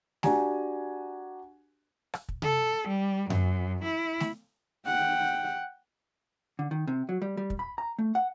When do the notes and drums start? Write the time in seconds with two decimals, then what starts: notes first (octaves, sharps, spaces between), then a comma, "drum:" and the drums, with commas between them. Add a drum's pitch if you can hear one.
0.23 D4 F#4 G4 G#5 A#5, drum: snare A3
2.14 drum: rim click
2.29 drum: kick
2.42 A4, drum: tom C3
2.86 G3
3.30 F#2, drum: tom F#2
3.84 E4
4.20 drum: snare A3
4.86 F#5 G5
6.59 D3
6.71 D#3
6.88 C3
7.09 F#3
7.22 G3
7.37 G3
7.50 drum: kick
7.59 B5
7.78 A#5
7.99 A3
8.15 F#5